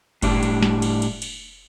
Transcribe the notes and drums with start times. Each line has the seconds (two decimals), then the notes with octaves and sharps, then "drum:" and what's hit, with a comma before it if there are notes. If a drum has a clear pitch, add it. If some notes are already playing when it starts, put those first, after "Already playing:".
0.22 A2 G3 D4, drum: kick F#1, cymbal
0.43 drum: cymbal
0.62 drum: snare
0.82 drum: cymbal
1.02 drum: cymbal
1.22 drum: cymbal